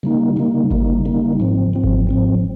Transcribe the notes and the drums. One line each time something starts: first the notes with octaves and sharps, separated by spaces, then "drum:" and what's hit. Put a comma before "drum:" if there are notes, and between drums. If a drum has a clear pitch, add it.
C#3 G3 A#3 D#4
C#3 G3 A#3 D#4
C#3 G3 A#3 D#4, drum: kick G#1
C#3 G3 A#3 D#4
G#2 F3 C4
G#2 F3 C4
drum: kick G#1
G#2 F3 C4